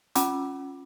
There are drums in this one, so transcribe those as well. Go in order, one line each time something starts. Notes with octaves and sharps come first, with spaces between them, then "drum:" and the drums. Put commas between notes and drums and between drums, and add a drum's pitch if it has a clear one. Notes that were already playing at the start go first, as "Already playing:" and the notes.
C#4 F4 A#5 D6 E6, drum: hi-hat